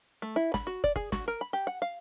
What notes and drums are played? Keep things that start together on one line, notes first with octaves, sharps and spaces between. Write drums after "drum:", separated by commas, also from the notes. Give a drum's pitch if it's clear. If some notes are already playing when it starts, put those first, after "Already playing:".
A3
E4
B5, drum: snare
F#4
D5, drum: kick
G#4, drum: kick
F#4, drum: snare
A#4
B5
G4
F#5
F5